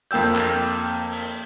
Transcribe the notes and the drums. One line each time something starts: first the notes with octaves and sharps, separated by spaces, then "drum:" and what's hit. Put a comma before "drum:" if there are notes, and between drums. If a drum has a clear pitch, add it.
F2 A#3 G5 E6 G6, drum: cymbal
drum: clap
drum: cymbal
drum: cymbal